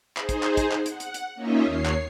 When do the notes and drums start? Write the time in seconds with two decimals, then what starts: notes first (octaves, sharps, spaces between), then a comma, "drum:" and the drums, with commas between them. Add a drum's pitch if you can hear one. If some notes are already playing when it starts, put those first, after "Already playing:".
0.17 D#4 G#4 C5, drum: clap
0.29 drum: kick, hi-hat
0.43 drum: clap
0.57 drum: kick, hi-hat
0.72 drum: clap
0.86 F#5, drum: hi-hat
1.00 drum: hi-hat
1.14 drum: hi-hat
1.35 A#3 C#4 D#4 F4 D#5 E5
1.65 D#2 C#5 C7
1.86 drum: clap